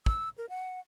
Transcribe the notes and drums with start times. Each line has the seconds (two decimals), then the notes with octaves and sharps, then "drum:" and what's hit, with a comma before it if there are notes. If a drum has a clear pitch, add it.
0.06 E6, drum: kick
0.38 A#4
0.49 F#5